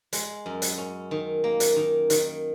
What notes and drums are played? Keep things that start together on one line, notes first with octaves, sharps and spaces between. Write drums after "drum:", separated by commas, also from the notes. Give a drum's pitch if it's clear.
G#3, drum: hi-hat
F#2
drum: hi-hat
C#4
D#3
A#3
drum: hi-hat
D#3
D#3, drum: hi-hat